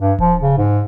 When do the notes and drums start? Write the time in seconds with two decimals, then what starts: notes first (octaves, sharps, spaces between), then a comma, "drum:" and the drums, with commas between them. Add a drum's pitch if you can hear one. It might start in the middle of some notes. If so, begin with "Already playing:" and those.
0.01 G2
0.19 F3, drum: kick D1
0.41 C#3
0.58 G#2